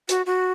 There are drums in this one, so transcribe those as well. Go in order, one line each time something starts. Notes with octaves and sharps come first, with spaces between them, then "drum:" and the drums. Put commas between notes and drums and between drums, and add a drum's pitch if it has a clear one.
F#4, drum: hi-hat
F#4